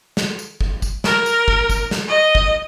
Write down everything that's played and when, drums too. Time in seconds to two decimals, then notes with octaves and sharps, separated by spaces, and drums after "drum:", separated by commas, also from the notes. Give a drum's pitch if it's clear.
0.17 drum: snare
0.39 drum: tambourine
0.61 drum: kick
0.82 drum: kick, tambourine
1.04 A#4, drum: snare
1.26 drum: tambourine
1.48 drum: kick
1.70 drum: kick, tambourine
1.91 drum: snare
2.08 D#5
2.35 drum: kick